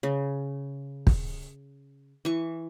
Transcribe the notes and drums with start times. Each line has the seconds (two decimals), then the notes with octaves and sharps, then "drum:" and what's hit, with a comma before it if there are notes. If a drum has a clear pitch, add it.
0.03 C#3
1.07 drum: kick
2.25 E3 C#6